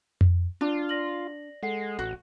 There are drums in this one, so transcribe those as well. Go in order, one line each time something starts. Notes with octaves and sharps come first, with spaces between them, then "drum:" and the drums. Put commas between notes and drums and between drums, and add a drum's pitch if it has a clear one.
drum: tom F2
D4 F4
D5 A#6 F#7
G#3 A4 F#5 C7
A1 F#4